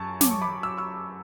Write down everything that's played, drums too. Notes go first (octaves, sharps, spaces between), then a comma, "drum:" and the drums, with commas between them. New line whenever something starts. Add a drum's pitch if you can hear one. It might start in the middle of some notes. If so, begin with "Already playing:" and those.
Already playing: F#2 A5 C#6
F#3 D6, drum: snare
C#6
B5 D6
F#3 E6
C#6 E6